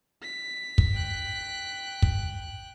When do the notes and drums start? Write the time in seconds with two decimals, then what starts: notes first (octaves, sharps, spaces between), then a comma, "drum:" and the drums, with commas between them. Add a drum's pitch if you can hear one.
0.22 B6
0.78 drum: kick
0.94 G5 F#6
2.02 drum: kick